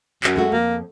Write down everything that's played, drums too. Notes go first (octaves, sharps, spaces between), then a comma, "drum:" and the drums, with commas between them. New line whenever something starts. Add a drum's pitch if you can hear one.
F#2, drum: clap
G#3 A3 F#4
F2 A#3